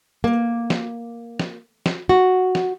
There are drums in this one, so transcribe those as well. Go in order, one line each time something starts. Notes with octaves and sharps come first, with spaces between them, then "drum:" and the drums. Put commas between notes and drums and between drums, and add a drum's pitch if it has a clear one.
A#3
drum: snare
drum: snare
drum: snare
F#4
drum: snare